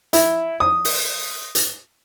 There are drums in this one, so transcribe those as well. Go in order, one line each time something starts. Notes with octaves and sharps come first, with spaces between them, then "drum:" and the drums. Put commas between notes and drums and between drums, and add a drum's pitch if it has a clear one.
E4, drum: hi-hat
D#6
drum: open hi-hat
drum: hi-hat